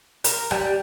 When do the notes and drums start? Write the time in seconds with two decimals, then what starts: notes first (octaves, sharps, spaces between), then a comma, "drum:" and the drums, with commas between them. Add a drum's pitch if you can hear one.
0.24 A#4, drum: hi-hat
0.51 G3, drum: rim click